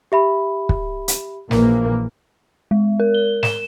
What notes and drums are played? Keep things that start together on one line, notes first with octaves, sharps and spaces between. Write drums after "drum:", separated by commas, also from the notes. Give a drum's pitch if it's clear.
G4 E5 B5
drum: kick
drum: hi-hat
A#1 E3 A#3, drum: snare
G#3
A#4
G7
E7, drum: snare